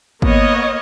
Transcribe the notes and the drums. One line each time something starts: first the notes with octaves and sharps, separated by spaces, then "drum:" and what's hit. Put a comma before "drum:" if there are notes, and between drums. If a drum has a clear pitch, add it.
A#3 B3 C#5 D#5, drum: kick G#1